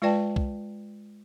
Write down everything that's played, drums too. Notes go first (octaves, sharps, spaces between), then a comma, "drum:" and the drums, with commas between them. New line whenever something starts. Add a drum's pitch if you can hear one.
G#3 F4 B4 D5 G5 A5
drum: kick